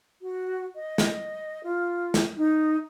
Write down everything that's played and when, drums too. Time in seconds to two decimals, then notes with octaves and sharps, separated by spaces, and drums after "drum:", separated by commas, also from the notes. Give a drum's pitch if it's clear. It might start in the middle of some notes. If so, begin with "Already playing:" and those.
0.22 F#4
0.75 D#5
0.98 drum: snare
1.64 F4
2.14 drum: snare
2.37 D#4